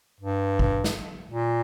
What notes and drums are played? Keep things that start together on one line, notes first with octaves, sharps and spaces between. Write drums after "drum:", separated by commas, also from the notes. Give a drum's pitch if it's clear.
G2
drum: kick
drum: snare
A#2